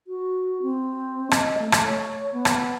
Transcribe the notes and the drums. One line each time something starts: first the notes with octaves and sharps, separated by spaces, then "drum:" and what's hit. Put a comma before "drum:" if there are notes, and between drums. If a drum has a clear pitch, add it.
F#4
C4
D#5, drum: rim click
A3
drum: rim click
C#5
B3
drum: rim click